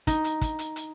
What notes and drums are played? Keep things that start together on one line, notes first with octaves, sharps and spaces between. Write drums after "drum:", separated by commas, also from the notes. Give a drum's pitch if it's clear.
D#4, drum: kick, hi-hat
drum: hi-hat
drum: kick, hi-hat
drum: hi-hat
drum: hi-hat